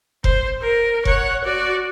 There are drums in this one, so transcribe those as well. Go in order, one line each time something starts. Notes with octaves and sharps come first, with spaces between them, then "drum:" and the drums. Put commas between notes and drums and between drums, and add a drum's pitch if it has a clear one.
C5, drum: kick F1
A#4
C#5 F#5, drum: kick F1
F#4 D5